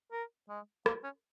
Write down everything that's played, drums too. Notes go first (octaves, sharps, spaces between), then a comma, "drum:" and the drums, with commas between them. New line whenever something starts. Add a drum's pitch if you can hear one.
A#4
G#3
A#3, drum: rim click
C#4